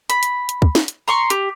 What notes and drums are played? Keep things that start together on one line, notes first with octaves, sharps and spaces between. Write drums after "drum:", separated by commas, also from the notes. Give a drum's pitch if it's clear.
B5, drum: hi-hat
drum: hi-hat
drum: hi-hat
drum: kick
drum: snare
drum: hi-hat
A#5 C6 C#6
G4, drum: hi-hat